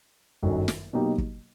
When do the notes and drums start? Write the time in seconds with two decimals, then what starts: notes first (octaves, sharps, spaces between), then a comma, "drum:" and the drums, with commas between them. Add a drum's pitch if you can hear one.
0.43 G1 F#2 D#3 F#3
0.68 drum: snare
0.93 B2 F#3 A#3 D#4 G4
1.18 drum: kick